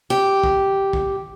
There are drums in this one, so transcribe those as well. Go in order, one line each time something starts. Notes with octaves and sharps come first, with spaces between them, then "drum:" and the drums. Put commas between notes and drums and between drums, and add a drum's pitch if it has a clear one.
G4
drum: kick
drum: kick